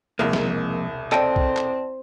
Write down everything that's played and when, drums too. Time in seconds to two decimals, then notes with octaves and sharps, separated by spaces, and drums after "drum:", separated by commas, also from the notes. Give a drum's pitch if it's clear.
0.19 E1 C2 F2 G#3 A#3
0.33 drum: snare
1.12 C4 A4 D5 D#5 G5 A5, drum: clap
1.36 drum: kick B1
1.57 drum: clap